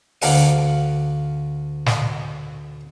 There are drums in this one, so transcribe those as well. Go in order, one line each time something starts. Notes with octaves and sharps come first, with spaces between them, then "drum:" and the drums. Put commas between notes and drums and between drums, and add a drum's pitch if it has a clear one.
D2 F5 F#5, drum: open hi-hat
drum: snare